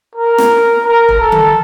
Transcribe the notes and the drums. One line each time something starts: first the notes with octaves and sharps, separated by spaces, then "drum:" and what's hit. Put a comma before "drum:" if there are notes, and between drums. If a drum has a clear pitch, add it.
A#4
drum: snare
A#4
drum: kick E1
A4
drum: tom D3